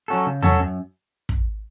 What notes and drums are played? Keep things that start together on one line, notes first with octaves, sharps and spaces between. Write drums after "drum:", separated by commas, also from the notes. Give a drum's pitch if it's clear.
F#3 C#4 F#4 A4
C#3
F#3 C#4 F#4 A4, drum: tom E2
F#2
drum: kick